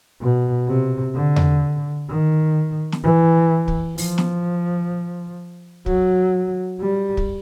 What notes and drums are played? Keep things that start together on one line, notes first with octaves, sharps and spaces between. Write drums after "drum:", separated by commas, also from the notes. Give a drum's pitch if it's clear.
B2
C3
D3
drum: tom E2
D#3
drum: snare
E3
drum: kick
F3, drum: open hi-hat
drum: snare
F#3, drum: kick
G3
drum: kick